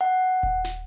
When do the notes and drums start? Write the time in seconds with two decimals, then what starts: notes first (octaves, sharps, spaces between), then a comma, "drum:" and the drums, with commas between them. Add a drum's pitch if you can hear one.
0.01 F#5
0.43 drum: kick D#1
0.64 drum: snare